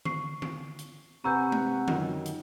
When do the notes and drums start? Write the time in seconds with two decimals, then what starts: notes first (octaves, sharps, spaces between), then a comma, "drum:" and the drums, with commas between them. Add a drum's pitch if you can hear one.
0.05 C#6 C7, drum: tom D3
0.42 drum: tom D3
0.79 drum: hi-hat
1.24 C3 B4 F#5 G#5 A#5 C#6 E6 G6
1.52 drum: tom G#3
1.88 F#2 D#3 F#3 F4, drum: tom D3
2.26 drum: hi-hat